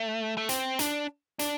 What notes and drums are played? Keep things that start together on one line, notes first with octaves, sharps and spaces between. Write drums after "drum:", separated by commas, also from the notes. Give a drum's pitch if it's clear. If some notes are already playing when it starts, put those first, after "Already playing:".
Already playing: A3
A3
C4, drum: hi-hat
D4, drum: hi-hat
D4, drum: hi-hat